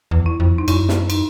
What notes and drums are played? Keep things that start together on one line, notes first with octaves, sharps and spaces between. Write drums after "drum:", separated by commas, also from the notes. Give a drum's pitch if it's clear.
E2
E4
F2
D#4
F#2 E4, drum: cymbal
drum: snare
D#4, drum: cymbal